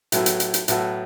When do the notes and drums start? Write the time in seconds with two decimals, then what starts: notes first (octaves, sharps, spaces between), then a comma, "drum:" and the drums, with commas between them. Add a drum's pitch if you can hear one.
0.12 A2 F#3 B3 F#4 A4, drum: hi-hat
0.26 drum: hi-hat
0.40 drum: hi-hat
0.54 drum: hi-hat
0.68 A2 F#3 B3 F#4 A4, drum: hi-hat